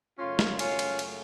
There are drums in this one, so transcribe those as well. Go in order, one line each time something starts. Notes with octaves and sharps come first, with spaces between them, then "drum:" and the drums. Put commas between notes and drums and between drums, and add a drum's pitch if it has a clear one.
F#2 C#3 A3 C#4 F4
drum: snare
C#4 F4, drum: cymbal
drum: cymbal
drum: cymbal